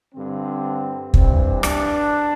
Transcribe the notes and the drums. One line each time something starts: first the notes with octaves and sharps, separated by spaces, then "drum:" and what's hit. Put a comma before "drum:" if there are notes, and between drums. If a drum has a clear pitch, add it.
G2 D3 C4
G2 E3 C4, drum: kick
D4, drum: rim click